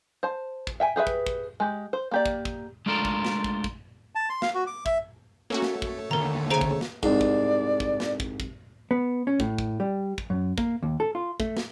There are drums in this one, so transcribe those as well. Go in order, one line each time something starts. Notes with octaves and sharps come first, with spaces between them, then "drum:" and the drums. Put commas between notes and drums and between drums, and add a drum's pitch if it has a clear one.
C5 A5
drum: kick
E5 G5 G#5
G4 G#4 B4 E5
drum: kick
drum: kick
G#3 G4
C5
A#3 G4 D5
drum: kick
drum: kick
G#3 A3 D4 F4 A4 A#4
drum: kick
drum: snare
drum: kick
drum: kick
A5
C6
F5, drum: snare
F#4
D6
E5, drum: kick
A3 A#3 C#4 F#4 A4 C#5
drum: snare
drum: kick
D#2 D3 A#4 A#5
C#3 C5 G#5 A#5 D7
drum: kick
drum: snare
C2 G#2 D5, drum: kick
drum: kick
drum: kick
drum: snare
drum: kick
drum: kick
B3
C#4
A2, drum: kick
drum: kick
G3
drum: kick
F#2
A#3, drum: kick
D#2
A4
F4
A3, drum: kick
drum: snare